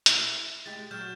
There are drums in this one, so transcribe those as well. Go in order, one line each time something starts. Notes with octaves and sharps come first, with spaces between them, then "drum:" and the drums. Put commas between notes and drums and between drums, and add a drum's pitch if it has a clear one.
E4, drum: hi-hat
G#3 G4 A6
F#3 F6 G6 E7